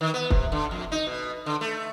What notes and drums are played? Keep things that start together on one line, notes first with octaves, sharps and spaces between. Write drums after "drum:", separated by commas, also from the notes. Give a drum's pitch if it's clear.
D#3
B3
C3, drum: kick
D3
F2
D#4
B2
D3
A3